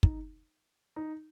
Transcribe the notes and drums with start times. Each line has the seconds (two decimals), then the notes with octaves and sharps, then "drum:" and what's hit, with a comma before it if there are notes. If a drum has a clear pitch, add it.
0.03 D#4, drum: kick
0.96 D#4